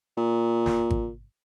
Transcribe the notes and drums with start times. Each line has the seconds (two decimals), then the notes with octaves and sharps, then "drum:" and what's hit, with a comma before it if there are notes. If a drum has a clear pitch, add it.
0.17 A#2
0.66 drum: snare
0.90 drum: kick G#1